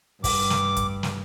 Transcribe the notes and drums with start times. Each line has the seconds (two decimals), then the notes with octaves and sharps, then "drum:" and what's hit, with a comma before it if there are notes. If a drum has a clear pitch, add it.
0.24 G2 D6, drum: kick, open hi-hat
0.50 drum: snare
0.77 drum: kick, hi-hat
1.03 drum: snare